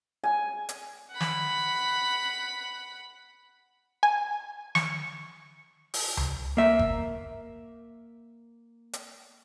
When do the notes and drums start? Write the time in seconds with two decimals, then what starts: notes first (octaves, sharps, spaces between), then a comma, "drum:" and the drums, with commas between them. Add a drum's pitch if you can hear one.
0.24 G#5
0.69 drum: hi-hat
1.11 F#5 B5
1.20 drum: snare
4.03 G#5
4.75 C#6, drum: snare
5.94 drum: open hi-hat
6.17 drum: tom C#2
6.57 A#3 E5
6.79 drum: kick G1
8.93 drum: hi-hat